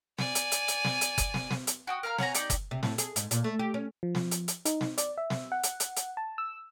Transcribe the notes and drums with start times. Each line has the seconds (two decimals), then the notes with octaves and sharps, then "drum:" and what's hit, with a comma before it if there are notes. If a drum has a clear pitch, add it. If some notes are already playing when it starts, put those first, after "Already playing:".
0.19 D5 G#5, drum: snare
0.35 drum: hi-hat
0.52 drum: hi-hat
0.68 drum: hi-hat
0.85 drum: snare
1.01 drum: hi-hat
1.18 drum: kick F#1, hi-hat
1.34 drum: snare
1.51 drum: snare
1.67 drum: hi-hat
1.87 F#4 G5 D#6
2.03 A#4 F5 A#5 F6
2.18 C#5 F#5 G#5 A#5, drum: snare
2.34 D#4 G4 D5 G5, drum: hi-hat
2.50 drum: kick F#1, hi-hat
2.71 C3
2.83 A2, drum: snare
2.98 G#4, drum: hi-hat
3.16 G#2, drum: hi-hat
3.31 A#2, drum: hi-hat
3.44 A3
3.59 G4
3.74 C#4
4.03 F3
4.15 drum: snare
4.31 drum: hi-hat
4.48 drum: hi-hat
4.65 D#4, drum: hi-hat
4.81 drum: snare
4.98 D5, drum: hi-hat
5.18 E5
5.30 drum: snare
5.52 F#5
5.63 drum: hi-hat
5.80 drum: hi-hat
5.96 drum: hi-hat
6.17 A5
6.38 E6